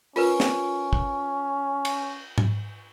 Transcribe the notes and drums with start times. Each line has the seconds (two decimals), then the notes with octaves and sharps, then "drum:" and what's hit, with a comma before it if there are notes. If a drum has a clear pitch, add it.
0.16 C#4 F4 A#4 B4, drum: open hi-hat
0.40 drum: snare
0.93 drum: kick
1.85 drum: cymbal
2.38 drum: tom G#2